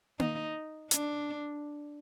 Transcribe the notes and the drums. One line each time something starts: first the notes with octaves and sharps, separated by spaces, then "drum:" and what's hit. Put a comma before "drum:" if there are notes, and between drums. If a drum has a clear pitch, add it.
D#4, drum: tom A#3
D4, drum: hi-hat